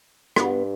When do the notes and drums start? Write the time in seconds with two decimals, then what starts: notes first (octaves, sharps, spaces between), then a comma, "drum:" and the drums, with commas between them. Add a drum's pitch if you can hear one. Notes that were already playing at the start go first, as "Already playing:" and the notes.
0.36 G2 B3, drum: rim click